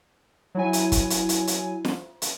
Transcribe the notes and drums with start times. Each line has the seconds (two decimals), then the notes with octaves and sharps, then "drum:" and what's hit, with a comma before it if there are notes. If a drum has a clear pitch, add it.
0.55 F#3 E4 G#5
0.73 drum: hi-hat
0.92 drum: kick, hi-hat
1.10 drum: hi-hat
1.29 drum: hi-hat
1.47 drum: hi-hat
1.85 drum: snare
2.22 drum: hi-hat